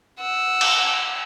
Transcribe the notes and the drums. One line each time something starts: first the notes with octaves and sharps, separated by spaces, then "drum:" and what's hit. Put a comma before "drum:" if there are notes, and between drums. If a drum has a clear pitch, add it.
F#5 E6
drum: cymbal